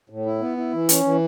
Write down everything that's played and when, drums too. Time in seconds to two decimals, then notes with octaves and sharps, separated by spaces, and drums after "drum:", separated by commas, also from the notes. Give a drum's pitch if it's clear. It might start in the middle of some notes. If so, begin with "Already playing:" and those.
0.10 A2
0.26 E4
0.41 B3
0.57 E4
0.73 E3
0.89 C#4, drum: hi-hat
1.04 E3